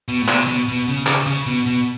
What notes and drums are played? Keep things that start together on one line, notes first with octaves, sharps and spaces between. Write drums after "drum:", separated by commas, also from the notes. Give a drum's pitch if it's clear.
B2
A2
B2, drum: clap
B2
B2
C#3
C#3, drum: clap
C#3
B2
B2